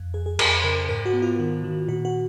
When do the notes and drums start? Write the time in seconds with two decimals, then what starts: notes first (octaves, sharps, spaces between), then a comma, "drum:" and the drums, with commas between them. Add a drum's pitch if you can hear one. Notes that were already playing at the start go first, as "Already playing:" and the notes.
Already playing: F2
0.14 F2 G#4
0.26 G#4
0.39 F2 A#4, drum: cymbal
0.64 C#3 A#4
0.89 G#2 A#4
1.05 F#4
1.13 B3
1.22 F4
1.39 D#3
1.64 D#3
1.88 A#2 F#4
2.05 F#4